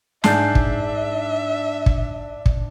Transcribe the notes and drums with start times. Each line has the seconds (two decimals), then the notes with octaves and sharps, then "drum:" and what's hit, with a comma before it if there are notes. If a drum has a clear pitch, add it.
0.24 G#2 D4 E5 A5 G6 C7, drum: snare
0.55 drum: kick
1.86 drum: kick
2.46 drum: kick